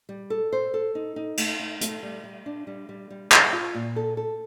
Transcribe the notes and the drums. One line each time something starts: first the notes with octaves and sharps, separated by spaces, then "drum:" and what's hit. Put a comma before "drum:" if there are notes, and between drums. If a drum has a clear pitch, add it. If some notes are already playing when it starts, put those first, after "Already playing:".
G3
A4
C5
A4
D#4
D#4
A3, drum: cymbal
D#4
A3, drum: hi-hat
G3
G3
D4
G3
G3
G3
G3, drum: clap
F4
A#2
A4
A4